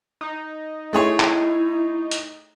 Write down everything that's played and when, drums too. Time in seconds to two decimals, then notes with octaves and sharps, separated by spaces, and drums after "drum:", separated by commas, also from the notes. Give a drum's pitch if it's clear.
0.21 D#4
0.93 A3 E4 G#4 C#5
1.20 drum: clap
2.11 drum: hi-hat